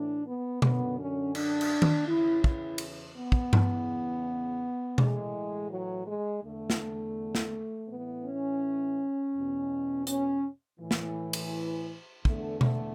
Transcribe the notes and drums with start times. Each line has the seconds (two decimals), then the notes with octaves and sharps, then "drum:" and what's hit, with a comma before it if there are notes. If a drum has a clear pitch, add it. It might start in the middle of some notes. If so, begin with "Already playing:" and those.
Already playing: A2 E3 D4
0.26 B3
0.62 F#2 D3 B3, drum: tom B2
0.98 C#4
1.35 D4, drum: cymbal
1.61 drum: cymbal
1.82 drum: tom D#3
2.08 E2 C#3 E3 E4
2.44 E4, drum: kick
2.78 drum: cymbal
3.17 B3
3.32 drum: kick
3.53 E2 C#3 E3, drum: tom G2
4.98 A2 E3 G#3, drum: tom B2
5.71 F#3
6.07 G#3
6.44 E2 D3 A3
6.70 drum: snare
7.35 drum: snare
7.89 A2 E3 B3
8.25 C#4
9.34 E2 B2
10.07 C#4, drum: hi-hat
10.80 A2 E3
10.91 drum: snare
11.33 drum: cymbal
12.25 E2 D3 A3, drum: kick
12.61 A3, drum: tom B2